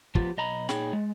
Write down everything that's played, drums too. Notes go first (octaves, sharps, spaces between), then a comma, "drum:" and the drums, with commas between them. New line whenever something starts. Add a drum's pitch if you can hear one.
F3 B3 F4 G4, drum: kick
B1 D#5 A#5 B5
A#2 D#4 G#4 C#5 G5 B5, drum: snare
G#3